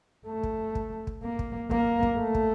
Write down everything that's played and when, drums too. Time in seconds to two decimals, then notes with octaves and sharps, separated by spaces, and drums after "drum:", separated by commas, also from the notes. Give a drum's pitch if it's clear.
0.27 A3
0.43 drum: kick
0.75 drum: kick
1.07 drum: kick
1.23 A#3
1.39 drum: kick
1.71 A#3, drum: kick
2.03 drum: kick
2.18 A3
2.35 drum: kick